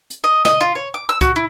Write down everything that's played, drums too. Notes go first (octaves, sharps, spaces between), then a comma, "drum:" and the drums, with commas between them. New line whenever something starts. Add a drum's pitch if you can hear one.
drum: hi-hat
D#5
D#5, drum: snare
F4
C#5
D6
E6
F#4, drum: kick, hi-hat
E4